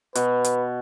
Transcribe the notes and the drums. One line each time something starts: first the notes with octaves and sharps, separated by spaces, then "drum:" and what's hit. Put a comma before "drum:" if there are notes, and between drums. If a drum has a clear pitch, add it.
B2 B4, drum: hi-hat
drum: hi-hat